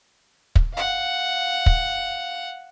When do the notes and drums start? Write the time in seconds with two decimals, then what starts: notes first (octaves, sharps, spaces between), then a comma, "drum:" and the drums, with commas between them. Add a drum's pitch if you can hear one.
0.56 drum: kick
0.74 F5 F#5
1.66 drum: kick